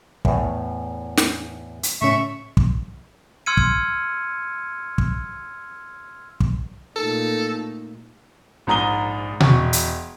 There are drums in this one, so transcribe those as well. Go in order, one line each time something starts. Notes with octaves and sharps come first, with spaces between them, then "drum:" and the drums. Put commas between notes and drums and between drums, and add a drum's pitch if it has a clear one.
E2 A2, drum: kick
drum: snare
drum: hi-hat
A2 C#3 C#4 E5 C#6
drum: kick
C6 E6 F6 G#6 C#7 D#7
drum: kick
drum: kick
drum: kick
A#2 A3 D#4 A4
A#1 G#2 A#5 D#6 G7
E1 C#6, drum: tom B2
drum: hi-hat